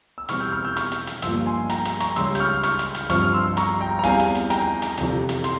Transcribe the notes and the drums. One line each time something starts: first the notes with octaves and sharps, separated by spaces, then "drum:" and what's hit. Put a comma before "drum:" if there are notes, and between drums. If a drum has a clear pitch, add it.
E6
E1 E2 E3 G3 C4 C#6 F6, drum: hi-hat
E6 G6
C#6 F6
E6 G6
C#6 F6, drum: hi-hat
drum: hi-hat
drum: hi-hat
G1 G2 F3 A#3 C6 E6, drum: hi-hat
G#5 C6
G5 A#5, drum: hi-hat
drum: hi-hat
A#5 C#6, drum: hi-hat
C#2 C#3 G3 C6 E6, drum: hi-hat
G6, drum: hi-hat
C#6 F6
C#6 F6, drum: hi-hat
drum: hi-hat
drum: hi-hat
G2 F3 C4 C#6 F6, drum: hi-hat
F6
C6 E6
A#5 C#6, drum: hi-hat
G5 A#5
A#5
E2 E3 G3 C4 F5 G#5, drum: hi-hat
drum: hi-hat
drum: hi-hat
G5 A#5, drum: hi-hat
drum: hi-hat
G1 F2 C3 E3, drum: hi-hat
drum: hi-hat
C6, drum: hi-hat